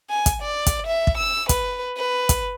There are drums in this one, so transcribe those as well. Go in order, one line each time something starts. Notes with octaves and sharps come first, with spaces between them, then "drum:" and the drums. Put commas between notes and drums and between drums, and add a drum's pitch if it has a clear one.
G#5
drum: kick, hi-hat
D5
drum: kick, hi-hat
E5
drum: kick
E6
B4, drum: kick, hi-hat
B4
drum: kick, hi-hat